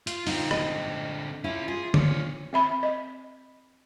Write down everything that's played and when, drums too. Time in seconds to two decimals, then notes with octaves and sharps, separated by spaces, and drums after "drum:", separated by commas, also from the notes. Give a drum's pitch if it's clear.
0.07 F4, drum: hi-hat
0.27 D3 C4 D#4 F4, drum: open hi-hat
0.51 D#5, drum: rim click
1.44 C#4 E4 F4
1.68 F4 G#4
1.94 D4 C#5, drum: tom D3
2.53 C4 E5 B5
2.83 D#5